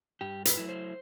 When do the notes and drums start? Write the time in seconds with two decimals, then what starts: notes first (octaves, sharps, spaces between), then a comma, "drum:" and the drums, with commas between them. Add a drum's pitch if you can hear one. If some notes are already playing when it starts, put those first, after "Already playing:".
0.21 G2 G4
0.45 B4, drum: hi-hat
0.57 F#3 A3 E4
0.69 C5